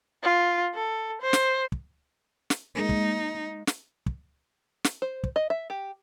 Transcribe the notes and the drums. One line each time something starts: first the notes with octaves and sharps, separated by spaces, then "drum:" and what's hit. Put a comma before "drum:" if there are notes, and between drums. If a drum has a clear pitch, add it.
F4
A4
C5
drum: snare
drum: kick
drum: snare
G#3 A#3 D#4
drum: kick
drum: snare
drum: kick
drum: snare
C5
drum: kick
D#5
E5
G4